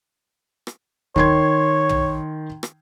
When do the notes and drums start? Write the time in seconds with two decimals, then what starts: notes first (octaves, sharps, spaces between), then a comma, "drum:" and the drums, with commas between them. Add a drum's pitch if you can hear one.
0.67 drum: rim click
1.16 D#3 C#5 C6 G#6, drum: kick
1.89 drum: tom
2.63 drum: rim click